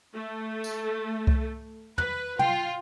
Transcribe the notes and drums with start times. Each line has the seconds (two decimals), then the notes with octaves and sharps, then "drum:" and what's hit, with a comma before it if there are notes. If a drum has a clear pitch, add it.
0.15 A3
0.64 drum: tambourine
1.27 drum: kick C2
1.98 B4 F#6, drum: tom
2.39 F4 G5, drum: tom